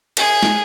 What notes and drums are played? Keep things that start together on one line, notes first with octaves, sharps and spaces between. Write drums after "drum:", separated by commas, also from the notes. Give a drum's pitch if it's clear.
G#4, drum: cymbal
drum: snare